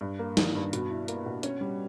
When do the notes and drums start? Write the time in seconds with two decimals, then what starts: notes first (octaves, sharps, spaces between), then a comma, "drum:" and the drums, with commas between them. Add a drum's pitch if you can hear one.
0.01 G2
0.19 A#3
0.37 D#3, drum: snare
0.55 G2
0.73 B2, drum: hi-hat
0.90 E4
1.08 A#3, drum: hi-hat
1.26 B2
1.43 C#4, drum: hi-hat
1.61 G3